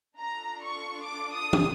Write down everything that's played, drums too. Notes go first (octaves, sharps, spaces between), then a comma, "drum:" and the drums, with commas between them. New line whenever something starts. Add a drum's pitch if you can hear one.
D4 F4 A4 A#5
C#6
D6
D#6
drum: tom